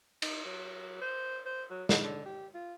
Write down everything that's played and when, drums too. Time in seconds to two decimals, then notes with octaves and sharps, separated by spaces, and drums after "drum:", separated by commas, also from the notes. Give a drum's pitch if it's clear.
0.22 D#4, drum: cymbal
0.45 F#3
1.02 C5
1.46 C5
1.70 F#3
1.89 D#4, drum: snare
2.03 D3
2.25 G4
2.54 F4